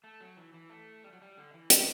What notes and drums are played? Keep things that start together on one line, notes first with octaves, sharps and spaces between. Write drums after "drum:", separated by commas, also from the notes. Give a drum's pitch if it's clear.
A3
F#3
E3
E3
A3
G3
F#3
G3
D3
E3
F#3, drum: hi-hat